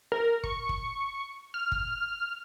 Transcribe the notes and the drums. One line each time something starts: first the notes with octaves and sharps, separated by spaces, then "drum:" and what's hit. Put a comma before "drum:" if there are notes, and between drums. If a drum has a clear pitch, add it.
A#4
C#6, drum: kick
drum: kick
F6
drum: kick